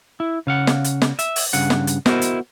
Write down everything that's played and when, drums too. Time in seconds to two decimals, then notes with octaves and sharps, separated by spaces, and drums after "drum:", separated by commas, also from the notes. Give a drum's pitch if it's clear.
0.20 E4
0.47 C#3 F5 F#5
0.67 drum: snare
0.84 drum: hi-hat
1.02 drum: snare
1.19 E5, drum: hi-hat
1.36 drum: open hi-hat
1.53 G2 C#3 F#5, drum: hi-hat
1.70 drum: snare
1.87 drum: hi-hat
2.06 B3 E4 F#4 A#4 C5 D#5, drum: snare
2.22 drum: hi-hat